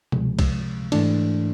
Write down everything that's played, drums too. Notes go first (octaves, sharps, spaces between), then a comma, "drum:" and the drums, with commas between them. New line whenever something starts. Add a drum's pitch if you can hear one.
C#2 C3 F3 G#3, drum: tom B2
drum: kick, cymbal
G#2 E3 A3 D4, drum: cymbal